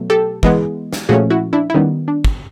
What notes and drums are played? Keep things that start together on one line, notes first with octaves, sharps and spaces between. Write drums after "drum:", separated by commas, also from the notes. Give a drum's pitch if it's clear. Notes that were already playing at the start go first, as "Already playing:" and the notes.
Already playing: B2 F#3 A3
G4 A4
E3 G#3 B3, drum: kick
drum: snare
A#2 F3 A3 C#4 F#4 G#4
E4 F#4
D4 E4
E4
D#3 G3 B3 C#4 D#4
D4
drum: kick